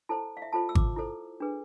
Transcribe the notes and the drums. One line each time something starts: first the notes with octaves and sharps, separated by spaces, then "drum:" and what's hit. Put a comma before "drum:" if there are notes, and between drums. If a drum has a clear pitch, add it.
E4 A4 C5 A5
F5
E5
F4 A4 C5 A5
E6
D6, drum: kick G#1
E4 A4 C5
D4 G#4 B4